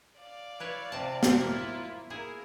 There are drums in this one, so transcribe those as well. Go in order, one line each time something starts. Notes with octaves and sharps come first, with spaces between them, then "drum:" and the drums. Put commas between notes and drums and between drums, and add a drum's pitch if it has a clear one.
D5 F5
E4 B4 C#5
C3 A5
drum: snare
A#3 E4 F4
E4 G#4 A#4